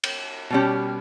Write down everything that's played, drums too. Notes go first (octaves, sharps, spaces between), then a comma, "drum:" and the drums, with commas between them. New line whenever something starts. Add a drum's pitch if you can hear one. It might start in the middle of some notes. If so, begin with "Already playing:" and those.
drum: cymbal
B2 G3 C#4 G4